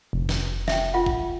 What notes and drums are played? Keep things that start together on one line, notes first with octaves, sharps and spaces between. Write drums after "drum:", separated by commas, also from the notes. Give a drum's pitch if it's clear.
F1
drum: snare
E5 G5, drum: snare
F4 F#5
drum: kick